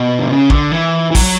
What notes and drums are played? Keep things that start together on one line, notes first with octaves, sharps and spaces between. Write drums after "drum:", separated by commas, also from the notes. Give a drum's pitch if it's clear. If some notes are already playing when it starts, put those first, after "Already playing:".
Already playing: B2
D3
C#3
D3, drum: kick
E3
E3
F#3, drum: kick, open hi-hat